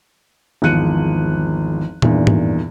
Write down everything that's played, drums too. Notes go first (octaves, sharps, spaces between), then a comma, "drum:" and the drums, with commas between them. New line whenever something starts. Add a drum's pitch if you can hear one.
G#1 E2 F3 F#6 C#7 D#7
E2 G2 A#2 D#3, drum: tom A#2
drum: tom G#2